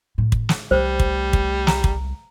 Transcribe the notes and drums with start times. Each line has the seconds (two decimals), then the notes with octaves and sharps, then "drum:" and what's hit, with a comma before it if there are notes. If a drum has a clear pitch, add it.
0.18 A2
0.32 drum: kick
0.49 drum: snare
0.71 C2 E3 G3 A3 C5
1.00 drum: kick
1.33 drum: kick
1.67 A#5, drum: snare
1.84 drum: kick